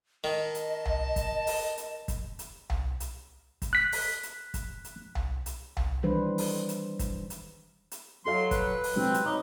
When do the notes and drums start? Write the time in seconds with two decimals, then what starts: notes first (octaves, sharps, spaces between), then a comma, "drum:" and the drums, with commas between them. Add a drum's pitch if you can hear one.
0.24 D#3 D#5 A5
0.55 drum: hi-hat
0.85 drum: tom C2
1.16 drum: kick, hi-hat
1.47 drum: open hi-hat
1.77 drum: hi-hat
2.08 drum: kick, hi-hat
2.39 drum: hi-hat
2.70 drum: tom C2
3.00 drum: hi-hat
3.62 drum: kick, hi-hat
3.73 F#6 B6
3.92 drum: open hi-hat
4.23 drum: hi-hat
4.54 drum: kick, hi-hat
4.84 drum: hi-hat
5.15 drum: tom C2
5.46 drum: hi-hat
5.77 drum: tom C2
6.03 D#3 E3 G3 D4 B4 C5
6.38 drum: open hi-hat
6.69 drum: hi-hat
6.99 drum: kick, hi-hat
7.30 drum: hi-hat
7.91 drum: hi-hat
8.25 F#3 F#4 A4 F5 C6
8.51 B4, drum: kick, hi-hat
8.84 drum: open hi-hat
8.96 C3 F#3 C4
9.14 drum: hi-hat
9.25 D#4 C#5 B5 D6